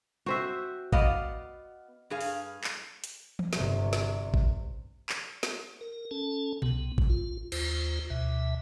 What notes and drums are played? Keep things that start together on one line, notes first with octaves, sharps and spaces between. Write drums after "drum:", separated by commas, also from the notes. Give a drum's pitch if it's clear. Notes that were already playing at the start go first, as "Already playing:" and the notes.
C4 F#4 C5 E5
B3 D5 D#5 F5, drum: kick
G2 G#4 F5
drum: open hi-hat
drum: clap
drum: hi-hat
drum: tom
G1 C3, drum: snare
drum: snare
drum: kick
drum: clap
drum: snare
A#4
C#4 A4 A5
C2 B3, drum: tom A#2
drum: kick
F4
D#2 F4 C5, drum: cymbal
D2 B2 E5